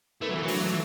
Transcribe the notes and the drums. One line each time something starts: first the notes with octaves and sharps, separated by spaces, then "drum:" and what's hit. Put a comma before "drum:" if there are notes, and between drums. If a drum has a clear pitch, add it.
A3 B3 E4
F#3
E3 B3
F#3
A3 D4, drum: open hi-hat
E3 A3